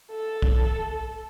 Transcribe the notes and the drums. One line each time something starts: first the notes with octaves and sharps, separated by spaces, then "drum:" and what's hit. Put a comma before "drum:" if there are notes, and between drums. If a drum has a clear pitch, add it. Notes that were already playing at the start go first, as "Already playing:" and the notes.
A4
drum: kick